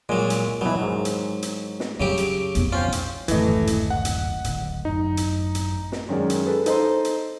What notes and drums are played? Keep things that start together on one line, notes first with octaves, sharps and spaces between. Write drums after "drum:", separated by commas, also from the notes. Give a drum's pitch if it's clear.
A#2 F#3 G#3
drum: hi-hat
B2 E3 F#3
G#2 D#3
drum: hi-hat
drum: hi-hat
drum: snare
F#2 C#3 F#3 G4
drum: hi-hat
B1 F2, drum: hi-hat
C#4 F4 C5 G5
drum: hi-hat
D1 G#1 F#2 A2 E3 A3 D#5, drum: hi-hat
drum: hi-hat
F#5
drum: hi-hat
D1, drum: hi-hat
F#2 D#4
drum: hi-hat
drum: hi-hat
drum: snare
F#2 D#3 G#3 D5
drum: hi-hat
G#4 A4 B4
D#4 A4 C5 D#5 C6, drum: hi-hat
drum: hi-hat